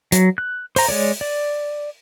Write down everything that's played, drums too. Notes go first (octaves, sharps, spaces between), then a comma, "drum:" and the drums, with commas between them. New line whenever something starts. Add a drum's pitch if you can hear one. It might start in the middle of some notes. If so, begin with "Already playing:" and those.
F#3, drum: hi-hat
F#6
C5 A#5, drum: open hi-hat
G#3 C#5 D5
D5